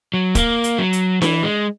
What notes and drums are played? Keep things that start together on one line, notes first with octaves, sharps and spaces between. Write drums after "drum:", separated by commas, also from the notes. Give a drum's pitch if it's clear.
F#3
A#3, drum: kick, hi-hat
drum: hi-hat
F#3
drum: hi-hat
E3, drum: snare D4
G#3